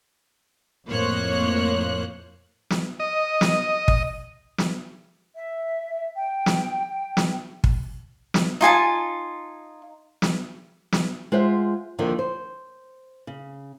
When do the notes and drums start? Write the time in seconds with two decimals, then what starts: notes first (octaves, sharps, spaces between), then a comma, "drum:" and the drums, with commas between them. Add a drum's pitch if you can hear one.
0.87 F2 A2 A#3 C5 C#5 F#6
2.70 drum: snare
3.00 D#5
3.41 drum: snare
3.88 drum: kick
4.58 drum: snare
5.35 E5
6.15 G5
6.46 drum: snare
7.17 drum: snare
7.64 drum: kick
8.34 drum: snare
8.61 D#4 F4 G#5 A5
10.22 drum: snare
10.92 drum: snare
11.32 G#3 F4 C5 E5 F#5
11.99 D#2 D3 D#3 F3
12.19 C5
13.27 C#3